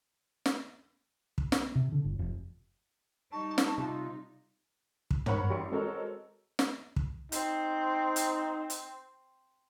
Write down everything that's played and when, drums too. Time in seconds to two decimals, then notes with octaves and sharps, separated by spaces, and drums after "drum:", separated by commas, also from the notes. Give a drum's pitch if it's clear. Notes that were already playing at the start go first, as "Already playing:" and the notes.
0.46 drum: snare
1.38 drum: kick
1.52 C4, drum: snare
1.75 C3
1.92 D3
2.04 G1
2.19 F1
3.32 G3 D#4 A5 C#6
3.58 drum: snare
3.78 C3 F4
5.11 drum: kick
5.26 A#4 C5 C#5 F#5 B5 C#6, drum: tom
5.50 A1 G3 G4 D5 C6 C#7
5.71 G#3 C4 F#4 A4 A#4 C#5
6.59 drum: snare
6.96 drum: kick
7.32 C4 D#4, drum: hi-hat
8.16 drum: hi-hat
8.70 drum: hi-hat